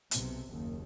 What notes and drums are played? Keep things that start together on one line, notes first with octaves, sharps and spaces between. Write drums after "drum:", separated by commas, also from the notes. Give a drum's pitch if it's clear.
B1 C3, drum: hi-hat
F#1 D#2